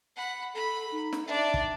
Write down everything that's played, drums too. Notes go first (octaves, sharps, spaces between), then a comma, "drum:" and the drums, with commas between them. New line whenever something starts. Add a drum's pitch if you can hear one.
F#5 B5
A4 B5
D#4
drum: snare
D4 D5 E5
drum: kick